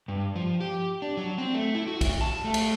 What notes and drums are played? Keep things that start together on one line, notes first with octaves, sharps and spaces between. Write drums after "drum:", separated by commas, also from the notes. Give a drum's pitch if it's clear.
G2
F3
G4
D4
F#3
C4
A3
E4
F#4
drum: kick, cymbal
A5
A3
drum: cymbal